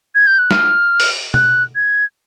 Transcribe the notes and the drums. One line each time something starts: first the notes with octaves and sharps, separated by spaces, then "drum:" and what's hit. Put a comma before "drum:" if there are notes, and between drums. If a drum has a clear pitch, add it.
G#6
G6
F#6
F6, drum: snare
drum: open hi-hat
F#6, drum: tom B2
G#6